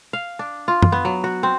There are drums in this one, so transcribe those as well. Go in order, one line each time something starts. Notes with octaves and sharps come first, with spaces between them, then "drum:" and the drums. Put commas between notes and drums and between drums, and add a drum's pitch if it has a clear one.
F5
D4
F4
drum: tom
B3
F#3
F#4
C4